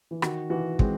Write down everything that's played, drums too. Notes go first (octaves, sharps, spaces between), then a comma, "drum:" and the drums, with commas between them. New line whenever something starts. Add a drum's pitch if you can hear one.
E3
D#3 F#4, drum: rim click
E3 F#4
G#3 C4, drum: kick